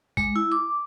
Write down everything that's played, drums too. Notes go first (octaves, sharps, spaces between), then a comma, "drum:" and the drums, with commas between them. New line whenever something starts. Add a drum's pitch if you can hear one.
G#3, drum: kick A1, tambourine
E4
D6